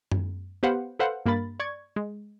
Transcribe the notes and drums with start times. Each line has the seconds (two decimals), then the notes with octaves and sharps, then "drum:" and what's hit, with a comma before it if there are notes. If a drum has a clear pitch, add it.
0.11 drum: tom F#2
0.63 B3 G4 B4 C5 F5 F#5
0.99 A4 B4 C5 F5 F#5
1.26 G2 A#3 A#4 B5 A6
1.60 D5 C#6 G#6
1.96 G#3